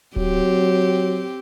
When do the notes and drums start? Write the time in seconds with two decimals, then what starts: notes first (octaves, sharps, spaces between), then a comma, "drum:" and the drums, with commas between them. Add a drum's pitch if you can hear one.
0.16 F#3 C4 G4, drum: kick D1